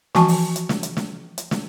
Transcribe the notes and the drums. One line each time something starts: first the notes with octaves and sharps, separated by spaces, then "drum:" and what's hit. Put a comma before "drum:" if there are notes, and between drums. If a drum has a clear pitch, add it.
E3 F3 F#4 G#5 A5 C#6, drum: snare
drum: open hi-hat
drum: hi-hat
drum: snare
drum: hi-hat
drum: snare
drum: hi-hat
drum: snare